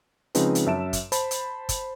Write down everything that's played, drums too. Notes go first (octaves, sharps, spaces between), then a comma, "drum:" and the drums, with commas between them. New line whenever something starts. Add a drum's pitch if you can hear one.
C#3 F3 G#3 C4 D#4 B4, drum: hi-hat
drum: hi-hat
F#2 E5 A5 D7 E7
drum: kick, hi-hat
C5 A5 B5, drum: hi-hat
drum: hi-hat
drum: kick, hi-hat